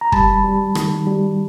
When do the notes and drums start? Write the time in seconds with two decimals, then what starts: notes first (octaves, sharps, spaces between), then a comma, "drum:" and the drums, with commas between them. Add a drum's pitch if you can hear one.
0.01 A#5
0.12 G3 A5 B5, drum: kick
0.44 G3
0.75 D#3, drum: rim click
1.07 G3